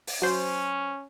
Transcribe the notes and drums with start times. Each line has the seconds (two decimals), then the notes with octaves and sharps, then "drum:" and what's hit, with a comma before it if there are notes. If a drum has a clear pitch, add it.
0.07 drum: open hi-hat
0.22 F#3 C#4 C5